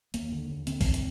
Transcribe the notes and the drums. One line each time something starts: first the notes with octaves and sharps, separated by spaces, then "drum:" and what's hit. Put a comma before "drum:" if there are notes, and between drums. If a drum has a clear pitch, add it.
D#2 A#3, drum: hi-hat
D3
D#2
D3 C4, drum: hi-hat
drum: kick B1, open hi-hat
drum: hi-hat